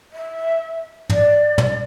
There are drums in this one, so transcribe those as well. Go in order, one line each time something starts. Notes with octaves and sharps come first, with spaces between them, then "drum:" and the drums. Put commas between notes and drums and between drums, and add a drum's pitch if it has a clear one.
E5
D5, drum: tom
drum: tom